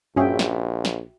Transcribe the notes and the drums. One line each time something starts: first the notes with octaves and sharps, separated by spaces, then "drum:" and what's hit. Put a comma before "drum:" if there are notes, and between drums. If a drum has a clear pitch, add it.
A#1 G2 C#4 F#4 G#4 E5 G5
drum: snare
drum: snare